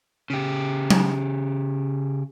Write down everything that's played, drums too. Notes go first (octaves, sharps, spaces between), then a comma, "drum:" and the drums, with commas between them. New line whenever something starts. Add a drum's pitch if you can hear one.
C#3 G4
drum: tom F#3